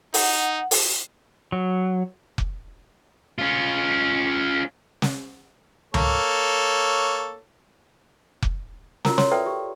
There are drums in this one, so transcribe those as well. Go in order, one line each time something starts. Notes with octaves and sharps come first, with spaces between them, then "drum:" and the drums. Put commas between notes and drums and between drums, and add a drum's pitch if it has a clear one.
D#4 F#5, drum: open hi-hat
drum: open hi-hat
F#3
drum: kick F1
C#4 F4
drum: snare
A#3 A4 C#5, drum: tom C#2
drum: kick F1
F4 F#4 A#4 A#5, drum: snare
C#5 C6, drum: snare
A4 B4 D5 E5 G5
G4